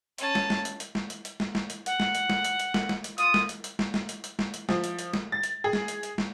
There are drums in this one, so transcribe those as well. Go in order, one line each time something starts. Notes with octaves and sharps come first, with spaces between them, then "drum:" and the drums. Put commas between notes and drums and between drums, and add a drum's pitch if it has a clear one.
C#4 A5, drum: hi-hat
drum: snare
drum: snare
drum: hi-hat
drum: hi-hat
drum: snare
drum: hi-hat
drum: hi-hat
drum: snare
drum: snare
drum: hi-hat
F#5, drum: hi-hat
drum: snare
drum: hi-hat
drum: snare
drum: hi-hat
drum: hi-hat
drum: snare
drum: snare
drum: hi-hat
F4 D#6, drum: hi-hat
drum: snare
drum: hi-hat
drum: hi-hat
drum: snare
drum: snare
drum: hi-hat
drum: hi-hat
drum: snare
drum: hi-hat
F3, drum: snare
drum: hi-hat
drum: hi-hat
drum: snare
A6
drum: hi-hat
G#4
drum: snare
drum: hi-hat
drum: hi-hat
drum: snare